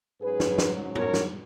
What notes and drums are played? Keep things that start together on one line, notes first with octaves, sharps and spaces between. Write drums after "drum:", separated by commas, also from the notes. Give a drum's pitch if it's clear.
G#2 F#3 C#4 G#4 B4
drum: snare
drum: snare
A#4 C#5, drum: tom
drum: snare